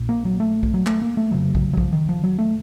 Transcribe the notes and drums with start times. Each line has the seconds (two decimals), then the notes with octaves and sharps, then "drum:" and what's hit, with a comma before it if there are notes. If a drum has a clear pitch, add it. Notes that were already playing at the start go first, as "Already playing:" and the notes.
Already playing: A#1 A#2
0.09 A#3
0.25 F#3
0.40 A3
0.63 drum: kick
0.74 F#3
0.87 A3, drum: clap
1.02 A#3
1.17 A3
1.31 F1 F2 C#3 F#3
1.55 drum: kick
1.73 F#3
1.77 F3, drum: kick
1.92 D#3
2.09 F3
2.24 F#3
2.39 A3